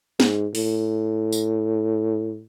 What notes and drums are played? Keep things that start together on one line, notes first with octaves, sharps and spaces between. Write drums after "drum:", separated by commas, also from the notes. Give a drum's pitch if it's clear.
G#2, drum: snare
A2, drum: open hi-hat
drum: tambourine